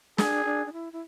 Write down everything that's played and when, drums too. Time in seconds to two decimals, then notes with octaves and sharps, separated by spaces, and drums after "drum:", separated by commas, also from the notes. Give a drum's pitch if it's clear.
0.18 D4 G#4, drum: snare
0.45 D4
0.66 D4
0.73 E4
0.93 E4